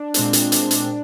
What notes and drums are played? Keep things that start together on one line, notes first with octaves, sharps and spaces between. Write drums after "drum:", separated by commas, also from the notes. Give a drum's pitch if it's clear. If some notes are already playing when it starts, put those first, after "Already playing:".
Already playing: D4
A#2 G#3 C4, drum: hi-hat
drum: hi-hat
drum: hi-hat
drum: hi-hat